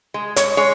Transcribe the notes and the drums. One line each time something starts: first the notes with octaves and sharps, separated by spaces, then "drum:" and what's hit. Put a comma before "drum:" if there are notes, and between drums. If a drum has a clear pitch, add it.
G#3
C#5, drum: hi-hat
G#3 C#5